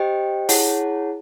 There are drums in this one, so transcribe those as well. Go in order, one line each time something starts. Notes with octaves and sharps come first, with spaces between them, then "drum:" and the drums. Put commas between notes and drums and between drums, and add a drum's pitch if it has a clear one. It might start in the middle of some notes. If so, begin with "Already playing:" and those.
Already playing: G4 C5 D#5 G5
E4 G#4 C#5 F#5 A5, drum: open hi-hat